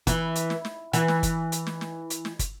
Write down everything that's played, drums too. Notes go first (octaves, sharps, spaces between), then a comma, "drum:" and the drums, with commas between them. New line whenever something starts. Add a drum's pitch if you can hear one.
E3, drum: kick, hi-hat
drum: hi-hat
drum: snare
drum: snare
E3, drum: hi-hat
drum: snare
drum: kick, hi-hat
drum: hi-hat
drum: snare
drum: snare
drum: hi-hat
drum: snare
drum: kick, hi-hat